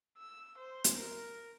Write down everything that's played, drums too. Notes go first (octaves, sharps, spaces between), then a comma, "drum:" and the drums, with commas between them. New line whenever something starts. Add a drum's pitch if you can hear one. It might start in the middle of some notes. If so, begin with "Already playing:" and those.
E6
C5
drum: hi-hat
A#4